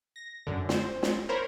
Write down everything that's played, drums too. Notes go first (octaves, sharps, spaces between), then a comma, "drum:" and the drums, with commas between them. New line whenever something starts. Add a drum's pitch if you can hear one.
A#6
F#2 D3
C5, drum: snare
drum: snare
A#4 C5 C#5 B5